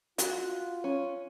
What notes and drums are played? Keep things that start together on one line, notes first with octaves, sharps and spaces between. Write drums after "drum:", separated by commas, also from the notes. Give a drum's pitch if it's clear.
F4 F#4, drum: hi-hat
C#4